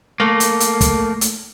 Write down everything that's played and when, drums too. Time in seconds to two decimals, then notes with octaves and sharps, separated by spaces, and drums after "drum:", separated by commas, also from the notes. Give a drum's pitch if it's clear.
0.20 A3 A#3
0.40 drum: hi-hat
0.60 drum: hi-hat
0.81 drum: kick, hi-hat
1.21 drum: hi-hat